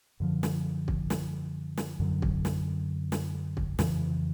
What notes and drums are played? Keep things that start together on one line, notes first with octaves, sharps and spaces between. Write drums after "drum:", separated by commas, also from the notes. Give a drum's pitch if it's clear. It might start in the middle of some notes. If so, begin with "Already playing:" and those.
F#2 D3 F3
drum: snare
drum: kick
drum: snare
drum: snare
F#2 D3 F#3
drum: kick
drum: snare
drum: snare
drum: kick
F2 C#3 E3, drum: snare